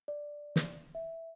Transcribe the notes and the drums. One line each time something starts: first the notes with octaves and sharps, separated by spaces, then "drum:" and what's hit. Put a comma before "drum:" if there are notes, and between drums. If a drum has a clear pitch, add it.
D5
drum: snare
E5